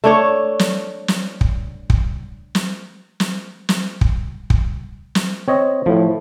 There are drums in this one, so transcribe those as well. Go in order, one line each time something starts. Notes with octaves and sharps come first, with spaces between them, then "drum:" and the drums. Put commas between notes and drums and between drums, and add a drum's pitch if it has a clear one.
A3 D4 C#5
drum: snare
drum: snare
drum: kick
drum: kick
drum: snare
drum: snare
drum: snare
drum: kick
drum: kick
drum: snare
C4 C#5 D#5
A2 F3